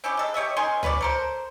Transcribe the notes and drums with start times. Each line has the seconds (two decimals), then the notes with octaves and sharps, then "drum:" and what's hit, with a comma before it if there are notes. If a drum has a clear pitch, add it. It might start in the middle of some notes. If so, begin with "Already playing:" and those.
0.04 C4 C#4 E4 G4
0.17 G#3 A4
0.34 G4 C#5 D#5 E5
0.57 D#3 C#4 G#5 C6
0.83 F4 B4 C#5 D5, drum: tom C#2
1.01 A4 A#4 C5